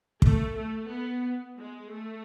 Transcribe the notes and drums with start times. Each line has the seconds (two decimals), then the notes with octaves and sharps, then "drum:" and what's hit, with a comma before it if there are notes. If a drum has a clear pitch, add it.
0.22 A3, drum: kick
0.56 A3
0.91 B3
1.57 G#3
1.91 A3